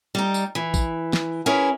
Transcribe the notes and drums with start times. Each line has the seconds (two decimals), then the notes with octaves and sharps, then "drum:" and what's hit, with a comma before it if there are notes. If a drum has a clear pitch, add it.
0.15 G3 D#4
0.34 drum: tambourine
0.55 E3
0.74 drum: kick A#1, tambourine
1.13 drum: snare
1.46 C#4 E4 G#4 A#4 B4